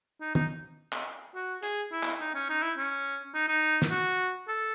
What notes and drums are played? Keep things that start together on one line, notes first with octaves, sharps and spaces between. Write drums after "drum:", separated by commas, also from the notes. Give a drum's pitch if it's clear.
D#4
D#4, drum: tom
drum: clap
F#4
G#4, drum: hi-hat
E4
drum: clap
D#4
C#4
D#4
E4
C#4
D#4
D#4
drum: snare
F#4
A4